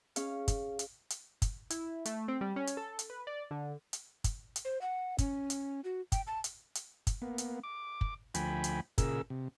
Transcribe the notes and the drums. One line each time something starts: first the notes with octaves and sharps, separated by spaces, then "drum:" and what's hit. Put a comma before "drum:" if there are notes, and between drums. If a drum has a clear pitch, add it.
C#4 G#4 C#5 F5, drum: hi-hat
drum: kick, hi-hat
drum: hi-hat
drum: hi-hat
drum: kick, hi-hat
E4, drum: hi-hat
A3, drum: hi-hat
C4
G3
C#4
drum: hi-hat
A4
drum: hi-hat
B4
D5
D3
drum: hi-hat
drum: kick, hi-hat
drum: hi-hat
C5
F#5
C#4, drum: kick, hi-hat
drum: hi-hat
F#4
G5, drum: kick, hi-hat
A5
drum: hi-hat
drum: hi-hat
drum: kick, hi-hat
A#3 B3
drum: hi-hat
D6
drum: kick
D2 F3 G5 G#5 B5, drum: hi-hat
drum: hi-hat
A#2 C#3 G#4 A#4 E6, drum: kick, hi-hat
C3